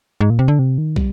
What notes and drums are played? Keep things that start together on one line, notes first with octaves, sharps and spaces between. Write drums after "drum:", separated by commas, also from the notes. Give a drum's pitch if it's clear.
G#2
A#2
C3
D3
C3
D#3
G3, drum: kick